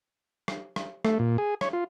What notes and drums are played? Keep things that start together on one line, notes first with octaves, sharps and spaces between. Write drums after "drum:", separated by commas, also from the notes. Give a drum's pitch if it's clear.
drum: rim click
drum: rim click
A3, drum: rim click
A#2
G#4
C#5, drum: rim click
F4